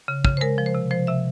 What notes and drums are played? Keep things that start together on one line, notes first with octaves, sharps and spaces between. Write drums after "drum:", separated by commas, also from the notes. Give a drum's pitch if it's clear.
C#3
C#3, drum: kick
C5
G#3 A#4
F3
C5
C3
F3 C5
C3 E5